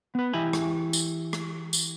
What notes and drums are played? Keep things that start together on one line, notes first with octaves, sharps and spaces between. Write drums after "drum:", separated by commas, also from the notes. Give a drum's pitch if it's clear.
B3 B4
E3 E4 G4 D#5 G#5 B5
drum: rim click
drum: tambourine
drum: rim click
drum: tambourine